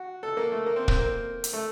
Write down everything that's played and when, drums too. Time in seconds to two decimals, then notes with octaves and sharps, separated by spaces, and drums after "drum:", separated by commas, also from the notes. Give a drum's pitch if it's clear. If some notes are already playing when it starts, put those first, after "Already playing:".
Already playing: F#4
0.23 A4
0.37 A#3
0.52 A3
0.66 A#3
0.76 C4
0.88 C4, drum: kick
0.99 A#3
1.44 drum: hi-hat
1.53 A3